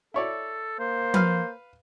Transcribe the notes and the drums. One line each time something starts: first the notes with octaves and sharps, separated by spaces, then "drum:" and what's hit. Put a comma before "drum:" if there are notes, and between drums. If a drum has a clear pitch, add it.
E4 A4 C#5 D5
A#3 C5
B4 F5 F6, drum: tom F3